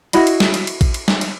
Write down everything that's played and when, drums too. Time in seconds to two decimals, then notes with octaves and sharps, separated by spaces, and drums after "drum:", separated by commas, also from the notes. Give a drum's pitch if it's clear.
0.13 E4 F#4 D#5 B5, drum: cymbal
0.27 drum: cymbal
0.40 drum: snare
0.54 drum: cymbal
0.67 drum: cymbal
0.81 drum: kick A#1, cymbal
0.94 drum: cymbal
1.08 drum: snare
1.21 drum: cymbal